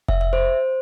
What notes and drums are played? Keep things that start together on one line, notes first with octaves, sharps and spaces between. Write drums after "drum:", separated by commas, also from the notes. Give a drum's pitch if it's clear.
E5, drum: kick F1
E5
C5